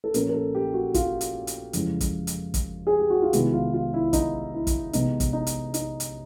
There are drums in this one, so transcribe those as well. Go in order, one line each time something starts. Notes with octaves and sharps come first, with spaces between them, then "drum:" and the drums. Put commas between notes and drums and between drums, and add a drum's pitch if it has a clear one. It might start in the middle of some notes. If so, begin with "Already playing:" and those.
A4
A#2 F3 A#3 C#4 A#4, drum: hi-hat
A#4
A4
G4
F#4
F4, drum: kick, hi-hat
drum: hi-hat
drum: hi-hat
F2 C#3 E3 G#3, drum: hi-hat
drum: kick, hi-hat
drum: hi-hat
drum: kick, hi-hat
G#4
G4
F#4
F4
C3 D#3 G#3 B3 E4, drum: hi-hat
F4
F4
E4
D#4, drum: kick, hi-hat
E4
drum: kick, hi-hat
C3 E3 G#3 B3 D#4, drum: hi-hat
drum: kick, hi-hat
D#4
drum: hi-hat
D#4, drum: hi-hat
drum: hi-hat